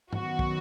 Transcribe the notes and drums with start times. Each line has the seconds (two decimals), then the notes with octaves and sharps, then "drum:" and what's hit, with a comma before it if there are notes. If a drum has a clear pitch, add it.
0.13 F#2 D#3 F#3 B3 F#4, drum: tom G#2
0.39 drum: kick